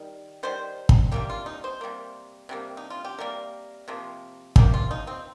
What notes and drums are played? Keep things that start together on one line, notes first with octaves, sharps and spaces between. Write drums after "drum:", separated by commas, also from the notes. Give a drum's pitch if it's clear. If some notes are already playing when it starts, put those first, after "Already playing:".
Already playing: D#3 G3
D#3 G3 C5
drum: kick
C3 G3 A#3 G4
F4
D#4
C5
C3 G3 A#3
C3 G3 A#3
D#4
F4
G4
C3 G3 A#3 A#4
C3 F3 A#3
C3 F3 A#3 G4, drum: kick
F4
D#4
C4